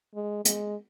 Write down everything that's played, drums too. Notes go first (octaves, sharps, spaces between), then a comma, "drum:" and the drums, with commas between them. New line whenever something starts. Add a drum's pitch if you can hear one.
G#3
G#3, drum: hi-hat